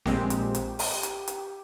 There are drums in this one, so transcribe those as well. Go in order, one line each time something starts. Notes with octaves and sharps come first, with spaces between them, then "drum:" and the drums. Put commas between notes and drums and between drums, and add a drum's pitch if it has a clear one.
A#1 A#2 G#3 C4 G4, drum: snare C4
drum: hi-hat
drum: hi-hat
drum: open hi-hat
drum: hi-hat
drum: hi-hat